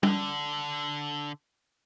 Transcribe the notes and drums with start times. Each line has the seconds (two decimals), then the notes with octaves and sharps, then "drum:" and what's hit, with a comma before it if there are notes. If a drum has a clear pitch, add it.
0.03 D3 D4, drum: tom G3